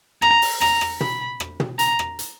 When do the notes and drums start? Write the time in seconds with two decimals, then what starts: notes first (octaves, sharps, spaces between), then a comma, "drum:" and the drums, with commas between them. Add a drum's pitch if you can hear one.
0.22 A#5, drum: rim click
0.42 drum: open hi-hat
0.61 A#5, drum: rim click
0.81 drum: rim click
1.01 B5, drum: tom
1.40 drum: rim click
1.60 drum: tom
1.79 A#5, drum: hi-hat
1.99 drum: rim click
2.19 drum: hi-hat